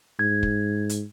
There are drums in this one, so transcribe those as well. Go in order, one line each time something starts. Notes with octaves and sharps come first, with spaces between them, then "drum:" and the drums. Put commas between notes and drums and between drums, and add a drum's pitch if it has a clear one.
G#2 G#6
drum: kick
drum: hi-hat